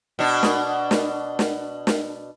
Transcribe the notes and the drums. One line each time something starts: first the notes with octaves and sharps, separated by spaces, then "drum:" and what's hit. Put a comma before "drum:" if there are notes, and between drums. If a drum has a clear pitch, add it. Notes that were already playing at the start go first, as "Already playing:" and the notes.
B2 D4
drum: snare
drum: snare
drum: snare
drum: snare